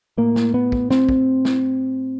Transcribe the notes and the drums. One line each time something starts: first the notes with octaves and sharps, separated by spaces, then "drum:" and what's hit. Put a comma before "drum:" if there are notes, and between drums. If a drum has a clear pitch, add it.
A2 A#3
drum: snare
B3
drum: kick
C4, drum: snare
drum: kick
drum: snare